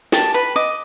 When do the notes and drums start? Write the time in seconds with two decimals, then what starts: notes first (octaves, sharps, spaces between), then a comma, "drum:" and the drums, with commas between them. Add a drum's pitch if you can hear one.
0.12 G4 A5, drum: snare
0.34 B4 B5
0.56 D#5 D6